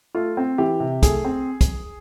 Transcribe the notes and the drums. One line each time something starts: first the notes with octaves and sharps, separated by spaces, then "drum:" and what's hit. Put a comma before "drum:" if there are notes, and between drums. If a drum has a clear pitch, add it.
A3 F4
C4
E3 G4
C3
A3 G#4, drum: kick, hi-hat
C4
drum: kick, hi-hat